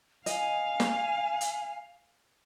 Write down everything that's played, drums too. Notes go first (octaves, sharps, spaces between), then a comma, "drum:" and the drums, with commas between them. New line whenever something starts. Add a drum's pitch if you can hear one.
D#5 F5 G#5, drum: hi-hat
drum: snare
drum: hi-hat